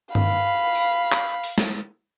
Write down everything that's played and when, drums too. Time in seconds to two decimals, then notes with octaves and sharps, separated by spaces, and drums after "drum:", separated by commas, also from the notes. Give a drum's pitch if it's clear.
0.15 F5 B5, drum: tom G2
0.75 drum: tambourine
1.12 drum: clap
1.44 drum: open hi-hat
1.58 drum: snare